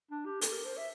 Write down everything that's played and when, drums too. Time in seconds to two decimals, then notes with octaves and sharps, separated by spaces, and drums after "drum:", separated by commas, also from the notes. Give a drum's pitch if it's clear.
0.11 D4
0.26 G4
0.41 A4, drum: hi-hat
0.53 A#4
0.65 C5
0.77 E5